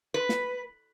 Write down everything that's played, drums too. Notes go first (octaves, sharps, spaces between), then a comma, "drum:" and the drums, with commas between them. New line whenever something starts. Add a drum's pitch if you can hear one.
B4
drum: snare